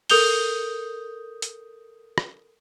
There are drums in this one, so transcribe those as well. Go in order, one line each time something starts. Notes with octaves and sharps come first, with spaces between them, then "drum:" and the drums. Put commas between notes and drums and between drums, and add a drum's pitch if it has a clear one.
A4 A#4 D#6 G6 F7 G7, drum: open hi-hat
drum: hi-hat
drum: rim click